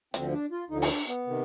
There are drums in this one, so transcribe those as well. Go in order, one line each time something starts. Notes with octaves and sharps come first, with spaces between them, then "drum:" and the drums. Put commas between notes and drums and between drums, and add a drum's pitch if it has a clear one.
D2 D3 F3 C4, drum: hi-hat
D4
F4
D2 D3 F3 D#4
D#4, drum: open hi-hat
D4
B3
C3 D#3